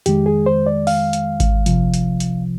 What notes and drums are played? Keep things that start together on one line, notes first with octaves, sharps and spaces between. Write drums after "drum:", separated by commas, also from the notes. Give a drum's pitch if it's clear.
F2 D#3 G#3 G4, drum: hi-hat
G#4
C5
D5
F5, drum: open hi-hat
drum: hi-hat
drum: kick G#1, hi-hat
C2 C3 F3, drum: hi-hat
drum: hi-hat
drum: hi-hat